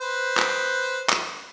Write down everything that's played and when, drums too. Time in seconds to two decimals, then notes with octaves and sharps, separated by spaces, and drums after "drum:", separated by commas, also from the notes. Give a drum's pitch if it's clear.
0.01 B4 C5
0.37 drum: clap
1.09 drum: clap